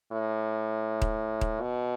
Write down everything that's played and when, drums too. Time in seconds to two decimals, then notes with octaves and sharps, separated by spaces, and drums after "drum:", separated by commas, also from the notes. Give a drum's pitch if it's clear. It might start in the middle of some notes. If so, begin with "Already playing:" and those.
0.12 A2
1.02 drum: kick D#1
1.41 drum: kick D#1
1.61 B2